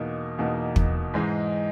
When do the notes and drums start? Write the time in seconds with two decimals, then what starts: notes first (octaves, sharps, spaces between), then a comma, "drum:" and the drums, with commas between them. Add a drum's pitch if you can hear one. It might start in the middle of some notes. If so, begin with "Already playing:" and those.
Already playing: E2 B2 A#3 D#4
0.38 E2 B2 A#3 D#4
0.76 drum: kick
1.14 G#2 E3 G#3 D#4